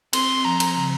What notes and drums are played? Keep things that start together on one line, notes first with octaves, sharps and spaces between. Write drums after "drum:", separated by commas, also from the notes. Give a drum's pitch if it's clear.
C4 C6, drum: cymbal
F3 A#5
drum: cymbal
C#3